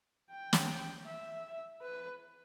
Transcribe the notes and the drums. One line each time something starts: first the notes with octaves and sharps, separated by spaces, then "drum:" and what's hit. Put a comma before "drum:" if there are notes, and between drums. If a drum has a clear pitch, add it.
G5
drum: snare
E5
B4